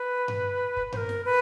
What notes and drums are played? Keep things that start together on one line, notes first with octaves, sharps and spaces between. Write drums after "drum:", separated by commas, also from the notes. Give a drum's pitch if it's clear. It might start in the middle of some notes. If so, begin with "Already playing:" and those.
Already playing: B4
drum: tom G2
drum: kick
C5, drum: tom G2
A#4
drum: snare
B4